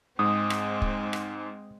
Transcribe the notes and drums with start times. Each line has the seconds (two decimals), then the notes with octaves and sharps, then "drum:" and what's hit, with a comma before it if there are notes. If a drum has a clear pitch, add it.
0.19 G#2 G#3 C4 D#6
0.50 drum: rim click
0.82 drum: kick
1.13 drum: rim click